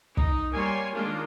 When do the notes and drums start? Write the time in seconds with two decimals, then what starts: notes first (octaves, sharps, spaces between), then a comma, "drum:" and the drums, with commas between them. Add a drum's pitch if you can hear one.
0.17 D#4, drum: kick
0.54 G3 A#3 C#5 G#5 C6
0.93 D#3 G#3 A#3 D4 F4